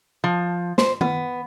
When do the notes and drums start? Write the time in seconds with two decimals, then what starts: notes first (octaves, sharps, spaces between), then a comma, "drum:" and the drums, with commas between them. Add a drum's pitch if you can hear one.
0.24 F3
0.78 C5, drum: snare
1.01 B3, drum: tom D#3